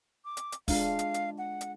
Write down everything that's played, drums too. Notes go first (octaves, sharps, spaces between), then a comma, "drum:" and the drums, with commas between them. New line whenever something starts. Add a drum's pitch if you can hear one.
D6
drum: hi-hat
drum: hi-hat
G#3 D4 F4 F5, drum: kick, open hi-hat
drum: hi-hat
drum: hi-hat
F#5
drum: hi-hat